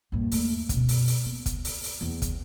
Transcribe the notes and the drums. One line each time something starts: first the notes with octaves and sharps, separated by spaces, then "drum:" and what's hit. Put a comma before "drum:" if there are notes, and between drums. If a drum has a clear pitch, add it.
A#1 G2
D#2 A3, drum: open hi-hat
F#2 B2, drum: kick, hi-hat
drum: open hi-hat
drum: open hi-hat
B3
drum: kick, hi-hat
drum: open hi-hat
drum: open hi-hat
E2
drum: kick, hi-hat